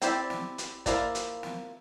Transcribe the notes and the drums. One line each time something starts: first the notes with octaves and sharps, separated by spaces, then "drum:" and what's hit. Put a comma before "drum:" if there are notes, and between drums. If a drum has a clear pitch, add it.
C4 E4 G4 D5, drum: hi-hat
drum: snare
drum: hi-hat
F3 A#3 E4 A#4 D5, drum: kick, hi-hat
drum: hi-hat
drum: snare